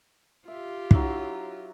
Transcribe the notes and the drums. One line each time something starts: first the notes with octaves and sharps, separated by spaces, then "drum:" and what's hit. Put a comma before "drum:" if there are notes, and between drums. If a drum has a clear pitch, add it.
F4 G4 E5
F#3 D4 E4 E5, drum: kick